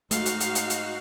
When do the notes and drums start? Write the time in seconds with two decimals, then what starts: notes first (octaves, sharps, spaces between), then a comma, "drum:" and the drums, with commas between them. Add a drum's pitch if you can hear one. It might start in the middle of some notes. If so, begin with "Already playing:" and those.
0.11 G#2 G#3 A3 D#4 F#4 F5, drum: hi-hat
0.26 drum: hi-hat
0.40 drum: hi-hat
0.55 drum: hi-hat
0.70 drum: hi-hat